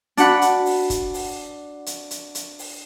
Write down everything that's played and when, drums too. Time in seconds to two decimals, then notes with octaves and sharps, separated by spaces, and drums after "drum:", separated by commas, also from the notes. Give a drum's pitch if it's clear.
0.17 D4 F#4 F#5 B5 F#6, drum: hi-hat
0.42 drum: hi-hat
0.66 drum: open hi-hat
0.90 drum: kick, hi-hat
1.14 drum: open hi-hat
1.86 drum: hi-hat
2.11 drum: hi-hat
2.35 drum: hi-hat
2.59 drum: open hi-hat